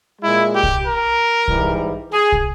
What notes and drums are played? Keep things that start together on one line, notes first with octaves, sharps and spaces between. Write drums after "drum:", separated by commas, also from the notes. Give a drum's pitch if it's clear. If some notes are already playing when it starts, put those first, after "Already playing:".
A#2 G#3 E4
G4
drum: kick
A#4
G#2 E3 G3, drum: kick
G#4
drum: kick